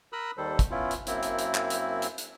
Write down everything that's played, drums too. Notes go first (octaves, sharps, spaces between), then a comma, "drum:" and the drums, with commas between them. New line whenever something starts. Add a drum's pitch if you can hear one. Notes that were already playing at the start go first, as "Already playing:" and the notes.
A#4 B5 D#6 E6 F#6
D#2 D#3 G3 A4 C5
drum: kick, hi-hat
B3 C#4 E4 F4
drum: hi-hat
F#2 A#3 C4 E4, drum: hi-hat
drum: hi-hat
drum: hi-hat
drum: clap
drum: hi-hat
drum: hi-hat
drum: hi-hat